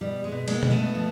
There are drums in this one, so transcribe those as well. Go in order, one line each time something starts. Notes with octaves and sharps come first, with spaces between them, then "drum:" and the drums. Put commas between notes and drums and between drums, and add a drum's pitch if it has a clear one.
B2 G3
G#3
B2
G#3 A#3, drum: cymbal
B2, drum: tom B2
A3 B3
F3